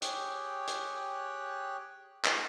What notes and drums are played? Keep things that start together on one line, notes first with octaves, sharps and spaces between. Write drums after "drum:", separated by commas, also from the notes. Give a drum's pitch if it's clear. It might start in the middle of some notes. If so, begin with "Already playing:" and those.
G4 G#4 C#5 G5 F#6, drum: hi-hat
drum: hi-hat
drum: clap